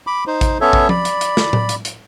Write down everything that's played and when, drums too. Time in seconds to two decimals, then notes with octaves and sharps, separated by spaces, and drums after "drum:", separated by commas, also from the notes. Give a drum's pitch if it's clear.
0.07 B5 D6
0.27 D#4 C5
0.41 drum: kick A1, hi-hat
0.61 B3 C#4 A4 C#5 E5
0.73 drum: kick A1
0.89 D5 B5, drum: tom F3
1.05 drum: hi-hat
1.21 drum: hi-hat
1.37 drum: snare
1.53 drum: tom A2
1.69 drum: hi-hat
1.85 drum: hi-hat